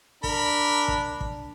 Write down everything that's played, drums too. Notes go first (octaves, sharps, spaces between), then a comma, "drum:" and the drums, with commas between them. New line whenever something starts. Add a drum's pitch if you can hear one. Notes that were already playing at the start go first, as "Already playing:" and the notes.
D4 A#4 B5, drum: kick
drum: kick
drum: kick